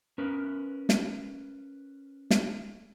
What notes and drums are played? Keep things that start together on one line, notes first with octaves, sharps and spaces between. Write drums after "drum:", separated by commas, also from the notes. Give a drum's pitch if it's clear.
C#4 A#4 B4
drum: snare
drum: snare